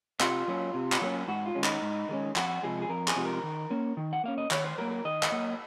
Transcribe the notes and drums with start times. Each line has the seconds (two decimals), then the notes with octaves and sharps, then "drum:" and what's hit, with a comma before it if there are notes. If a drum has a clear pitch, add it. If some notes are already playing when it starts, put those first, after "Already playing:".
0.20 C3 F4, drum: clap
0.48 F#3 A#3 C#4
0.74 C3
0.92 drum: clap
1.02 F#3 A#3 C#4
1.28 G#2 F#4
1.46 F4
1.55 D#3 G#3 C#4
1.64 D#4, drum: clap
1.82 G#2
2.09 D#3 G#3 C#4
2.36 F2 F#4, drum: clap
2.63 C3 F3 G#3 G#4
2.82 G#4
2.89 F2 A#4
3.08 G#4, drum: clap
3.16 C3 F3 G#3
3.25 A#4
3.43 D#3
3.70 A#3 C#4
3.97 D#3
4.13 F#5
4.24 A#3 C#4 F5
4.38 D#5
4.51 D#3 C#5, drum: clap
4.65 C5
4.78 F#3 A#3 A#4
4.91 A#4
5.05 D#3 D#5
5.23 drum: clap
5.32 F#3 A#3